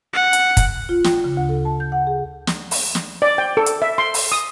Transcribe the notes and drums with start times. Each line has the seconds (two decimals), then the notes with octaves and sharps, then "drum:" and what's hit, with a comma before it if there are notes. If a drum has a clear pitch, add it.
0.14 F#5
0.33 drum: hi-hat
0.57 drum: kick, hi-hat
0.89 F4
1.04 G5, drum: snare
1.24 C#3
1.37 D2
1.49 A4
1.65 A5
1.80 G6
1.92 F#5
2.07 G#4
2.47 drum: snare
2.71 drum: open hi-hat
2.95 drum: snare
3.22 D5
3.38 G5
3.57 A4
3.66 drum: hi-hat
3.82 E5
3.98 C6
4.14 drum: open hi-hat
4.32 D#6